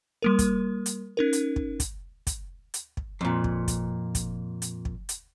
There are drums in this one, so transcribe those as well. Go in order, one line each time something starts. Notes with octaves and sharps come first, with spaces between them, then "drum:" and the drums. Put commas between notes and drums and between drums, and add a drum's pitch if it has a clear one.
G3 A#3 A#4
drum: kick, hi-hat
drum: hi-hat
C#4 D#4 A#4
drum: hi-hat
drum: kick
drum: kick, hi-hat
drum: kick, hi-hat
drum: hi-hat
drum: kick
F2 A#2
drum: kick
drum: kick, hi-hat
drum: kick, hi-hat
drum: hi-hat
drum: kick
drum: hi-hat